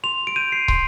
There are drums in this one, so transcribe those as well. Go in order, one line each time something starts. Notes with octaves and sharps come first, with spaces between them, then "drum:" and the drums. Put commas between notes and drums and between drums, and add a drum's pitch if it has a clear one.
C6 F7
D7
G6 D#7
C7
C6, drum: kick